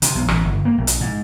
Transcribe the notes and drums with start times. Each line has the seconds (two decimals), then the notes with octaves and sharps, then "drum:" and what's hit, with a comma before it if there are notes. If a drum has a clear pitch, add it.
0.02 C3, drum: hi-hat
0.15 B1
0.28 A1, drum: rim click
0.45 G1
0.65 A#3
0.78 A#1
0.87 drum: hi-hat
1.01 G#2